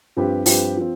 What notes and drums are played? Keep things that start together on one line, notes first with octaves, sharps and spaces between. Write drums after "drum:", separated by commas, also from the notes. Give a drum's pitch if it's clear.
G2 F3 C4 G4 B4
G2 F3 C4 G4 B4, drum: open hi-hat
F3 C4